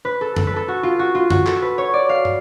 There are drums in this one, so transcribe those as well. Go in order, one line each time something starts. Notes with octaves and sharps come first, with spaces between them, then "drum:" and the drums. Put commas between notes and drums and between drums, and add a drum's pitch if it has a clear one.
B4
A4
A4, drum: tom F#2
B4
A4
F#4
F4
F#4
F4
F#4, drum: tom F#2
A4, drum: clap
B4
C#5
D5
F5
drum: tom